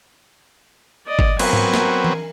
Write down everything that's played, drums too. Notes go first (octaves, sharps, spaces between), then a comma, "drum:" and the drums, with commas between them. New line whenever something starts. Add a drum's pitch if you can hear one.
D5 D#5
drum: kick G1
F#3 B3 C4 A#4 G#5, drum: cymbal
drum: tom G#2
drum: snare
drum: tom E3